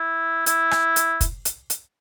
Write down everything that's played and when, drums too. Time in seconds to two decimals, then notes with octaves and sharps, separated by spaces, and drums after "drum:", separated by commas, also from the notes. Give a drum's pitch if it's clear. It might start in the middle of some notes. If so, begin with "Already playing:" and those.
Already playing: E4
0.46 E4, drum: hi-hat
0.71 drum: rim click
0.96 drum: hi-hat
1.21 drum: kick, hi-hat
1.45 drum: hi-hat
1.70 drum: hi-hat